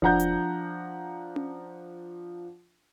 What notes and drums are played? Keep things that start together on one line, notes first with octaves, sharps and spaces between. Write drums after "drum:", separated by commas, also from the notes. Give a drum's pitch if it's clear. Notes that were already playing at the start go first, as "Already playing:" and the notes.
F3 D4 F#5 A#5 G6, drum: kick E1
drum: hi-hat
drum: tom C#4